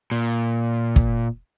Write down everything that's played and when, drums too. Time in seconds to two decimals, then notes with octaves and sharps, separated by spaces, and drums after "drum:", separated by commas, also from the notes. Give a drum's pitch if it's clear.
0.12 A#2
0.96 drum: kick